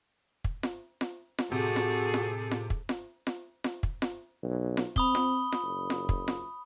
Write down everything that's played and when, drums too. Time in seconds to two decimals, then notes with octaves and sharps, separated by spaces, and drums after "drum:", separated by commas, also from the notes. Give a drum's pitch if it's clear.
0.44 drum: kick
0.63 drum: snare F4
1.01 drum: snare F4
1.39 drum: snare F4
1.52 A2 C3 F#4 G#4 A4
1.76 drum: snare F4
2.14 drum: snare F4
2.51 drum: snare F4
2.70 drum: kick
2.89 drum: snare F4
3.27 drum: snare F4
3.64 drum: snare F4
3.83 drum: kick
4.02 drum: snare F4
4.43 B1
4.77 drum: snare F4
4.96 C4 B5 D#6 G7, drum: kick
5.15 drum: snare F4
5.52 drum: snare F4
5.62 F#1
5.90 drum: snare F4
6.09 drum: kick
6.28 drum: snare F4